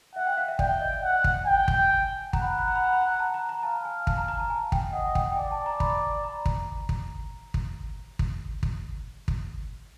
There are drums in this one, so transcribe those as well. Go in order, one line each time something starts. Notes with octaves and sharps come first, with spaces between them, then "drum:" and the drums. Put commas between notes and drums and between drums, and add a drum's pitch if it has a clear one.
E5 F#5
G5
F5
E5
D5 G5, drum: kick
D#5
F#5
drum: kick
G5
drum: kick
G#5
F#5 A#5, drum: kick
B5
A#5
B5
A#5
B5
A#5
B5
A#5
A#5
A5
A#5
A#5
F5 A5
G#5
A5, drum: kick
A#5
A#5
A5
G#5
G5, drum: kick
D#5 F#5
G5, drum: kick
G5
D5 G#5
A5
A#5
B5, drum: kick
A#5
drum: kick
drum: kick
drum: kick
drum: kick
drum: kick
drum: kick